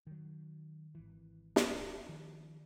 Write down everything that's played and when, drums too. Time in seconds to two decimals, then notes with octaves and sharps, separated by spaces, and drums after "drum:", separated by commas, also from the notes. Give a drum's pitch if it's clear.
0.07 D#3 F#3
0.95 G#1 E3
1.56 drum: snare
2.09 D#3 F3